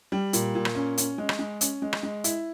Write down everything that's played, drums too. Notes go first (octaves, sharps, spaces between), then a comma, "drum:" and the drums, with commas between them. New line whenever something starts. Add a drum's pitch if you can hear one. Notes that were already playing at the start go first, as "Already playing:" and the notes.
G3
A#2, drum: hi-hat
A#2
drum: rim click
C#4
C#4, drum: hi-hat
G#3
drum: rim click
G#3
C#4, drum: hi-hat
G#3
drum: rim click
G#3
E4, drum: hi-hat